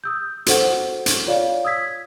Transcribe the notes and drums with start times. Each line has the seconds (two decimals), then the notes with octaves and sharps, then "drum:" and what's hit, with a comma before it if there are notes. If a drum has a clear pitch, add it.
0.04 D#6 E6 G6
0.46 F#4 A4 C5 F#5, drum: hi-hat
1.06 drum: hi-hat
1.27 F4 C#5 D5 F5
1.65 D#6 E6 G#6 B6